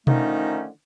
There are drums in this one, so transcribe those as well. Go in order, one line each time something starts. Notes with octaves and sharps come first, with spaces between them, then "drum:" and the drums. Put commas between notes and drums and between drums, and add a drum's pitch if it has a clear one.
D3 D#3 F3 A3 C#4 D#4, drum: tom B2